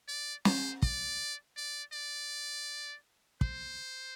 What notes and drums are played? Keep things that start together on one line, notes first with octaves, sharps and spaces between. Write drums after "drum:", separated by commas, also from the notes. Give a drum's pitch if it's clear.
D5
C5, drum: snare
D5, drum: kick
D5
D5
C5, drum: kick